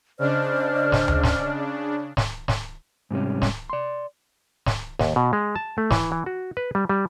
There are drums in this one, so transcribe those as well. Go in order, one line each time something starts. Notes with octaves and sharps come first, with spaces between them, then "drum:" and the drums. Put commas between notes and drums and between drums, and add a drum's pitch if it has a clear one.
C#3 D4 C5 D5 D#5 F6
drum: snare
drum: tom D2
drum: snare
drum: snare
drum: snare
G#2 C3 G3 C#4
drum: snare
D5 C6
drum: snare
D#2, drum: snare
B2
G#3
A5
A3
E3, drum: snare
E3
F#4
B4
G3
G3